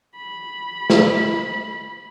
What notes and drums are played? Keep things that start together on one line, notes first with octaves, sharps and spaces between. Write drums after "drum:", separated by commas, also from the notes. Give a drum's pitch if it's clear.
B5
C5 D#5, drum: snare